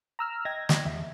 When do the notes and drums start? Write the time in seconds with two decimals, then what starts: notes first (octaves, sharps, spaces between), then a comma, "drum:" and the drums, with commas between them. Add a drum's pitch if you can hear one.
0.19 A#5 E6 F6
0.45 D#5 G5 G#6 A#6
0.69 drum: snare
0.85 E2 E5